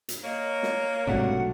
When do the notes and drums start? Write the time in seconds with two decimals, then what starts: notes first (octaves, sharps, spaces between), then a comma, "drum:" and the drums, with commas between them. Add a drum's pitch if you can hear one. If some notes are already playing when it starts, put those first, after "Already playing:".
0.09 drum: hi-hat
0.24 A#3 C#5 D#5
0.63 drum: snare
1.07 B1 G#2 C3 F#3 A3 D4 F#5